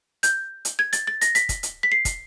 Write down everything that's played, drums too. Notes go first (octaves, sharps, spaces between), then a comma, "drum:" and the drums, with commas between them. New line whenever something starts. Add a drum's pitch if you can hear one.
G6, drum: hi-hat
drum: hi-hat
G#6
A6, drum: hi-hat
A6
A#6, drum: hi-hat
B6, drum: hi-hat
drum: kick, hi-hat
drum: hi-hat
B6
C7
drum: kick, hi-hat